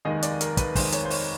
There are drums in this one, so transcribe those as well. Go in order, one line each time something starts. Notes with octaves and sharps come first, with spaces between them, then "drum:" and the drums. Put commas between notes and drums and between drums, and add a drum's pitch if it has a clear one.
F1 D#2 D#3 G#3 D#5
D5, drum: hi-hat
A#4, drum: hi-hat
B4, drum: kick, hi-hat
F1 D#2 D#3 G#3 C5, drum: kick, open hi-hat
C#5, drum: hi-hat
C5
C#5, drum: open hi-hat